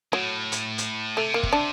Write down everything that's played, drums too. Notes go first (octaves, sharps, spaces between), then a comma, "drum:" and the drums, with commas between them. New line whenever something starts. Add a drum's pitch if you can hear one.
A2 F#3
drum: hi-hat
drum: hi-hat
C3 A3
A#3
drum: kick
D4